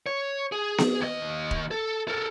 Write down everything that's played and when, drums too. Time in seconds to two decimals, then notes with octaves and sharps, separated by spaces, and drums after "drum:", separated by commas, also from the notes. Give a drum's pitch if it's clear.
0.06 C#5
0.52 G#4
0.78 drum: snare B3
1.01 D#2 D#5
1.51 drum: kick
1.71 A4
2.08 A4 A#4